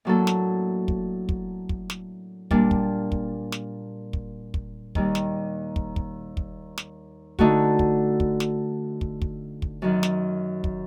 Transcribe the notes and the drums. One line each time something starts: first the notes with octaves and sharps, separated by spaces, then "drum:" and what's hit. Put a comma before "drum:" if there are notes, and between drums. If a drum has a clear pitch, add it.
A2 F#3 A#3 D4 A4
drum: snare
drum: kick
drum: kick
drum: kick
drum: snare
A#2 G3 D4, drum: kick
drum: kick
drum: kick
drum: snare
drum: kick
drum: kick
D#2 D#3 G3, drum: kick
drum: snare
drum: kick
drum: kick
drum: kick
drum: snare
D3 A3 D#4 F#4, drum: kick
drum: kick
drum: kick
drum: snare
drum: kick
drum: kick
drum: kick
F#2 D#3 F#3
drum: snare
drum: kick